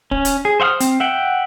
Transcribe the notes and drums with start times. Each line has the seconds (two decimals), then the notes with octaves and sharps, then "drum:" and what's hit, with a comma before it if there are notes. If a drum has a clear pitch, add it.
0.11 C#4, drum: kick
0.25 drum: hi-hat
0.45 G#4
0.60 C5 E5 F#5 D#6 F6
0.80 C4, drum: hi-hat
1.00 E5 F#5 G5